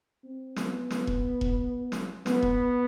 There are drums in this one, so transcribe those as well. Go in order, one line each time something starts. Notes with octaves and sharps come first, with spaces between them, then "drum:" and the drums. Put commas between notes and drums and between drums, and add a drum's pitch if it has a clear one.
C4
B3, drum: snare
drum: snare
drum: kick E1
drum: kick E1
drum: snare
B3, drum: snare
drum: kick E1